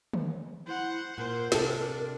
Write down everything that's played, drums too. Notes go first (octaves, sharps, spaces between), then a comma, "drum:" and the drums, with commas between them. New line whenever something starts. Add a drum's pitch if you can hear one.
drum: tom D3
E4 C5 F#5
A#2 A#4 C5
C3 D4 A4, drum: snare